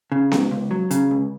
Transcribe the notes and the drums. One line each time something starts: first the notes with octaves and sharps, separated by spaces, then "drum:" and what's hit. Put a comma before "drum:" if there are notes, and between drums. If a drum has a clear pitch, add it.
C#3
C#2, drum: snare B3
C#2
F#3
C#3, drum: hi-hat
C#2